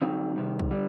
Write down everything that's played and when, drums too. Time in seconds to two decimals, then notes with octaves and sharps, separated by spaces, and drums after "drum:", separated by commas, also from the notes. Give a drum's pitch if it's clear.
0.02 D3 F#3 C4 D#4
0.36 C3 D#3 G3
0.59 drum: kick
0.71 D3 G3 D4